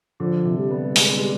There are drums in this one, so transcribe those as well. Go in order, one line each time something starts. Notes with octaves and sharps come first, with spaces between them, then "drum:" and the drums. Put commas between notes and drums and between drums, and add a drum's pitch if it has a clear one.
D3 F3
C3
G3
B3
G#3, drum: open hi-hat
B3
G#3